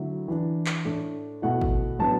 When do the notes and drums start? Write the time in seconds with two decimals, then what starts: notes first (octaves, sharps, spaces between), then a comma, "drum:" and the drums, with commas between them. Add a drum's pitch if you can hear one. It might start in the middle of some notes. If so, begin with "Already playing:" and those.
Already playing: D3 F#3 A3 E4
0.28 E3 D4
0.66 drum: clap
0.85 A2 A3 D4
1.42 B2 A3 E4 F#5
1.61 drum: kick G#1
1.99 A2 F#3 B3 D4 A5